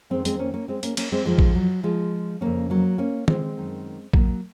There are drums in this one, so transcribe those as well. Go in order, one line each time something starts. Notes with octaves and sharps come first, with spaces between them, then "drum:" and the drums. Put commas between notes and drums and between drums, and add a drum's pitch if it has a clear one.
F2 D#3 G#3 C4
G#3 C4, drum: hi-hat
A#3 C#4
A#3 C#4
G#3 C4
A#3 C#4, drum: hi-hat
A#3 C#4, drum: cymbal
G#3 C4
F2 D#3 F3 G#3
drum: kick A#1
F#3
F3 G#3
F2 C#3 A#3 C#4
F#3 A#3
A#3 C#4
G#3 C4, drum: tom D#3
F#2 D#3
F#3 A#3, drum: kick A#1